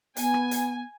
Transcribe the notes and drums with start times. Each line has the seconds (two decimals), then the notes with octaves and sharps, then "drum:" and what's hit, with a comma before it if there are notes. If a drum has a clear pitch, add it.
0.16 B3 G#5, drum: hi-hat
0.34 drum: rim click
0.51 drum: hi-hat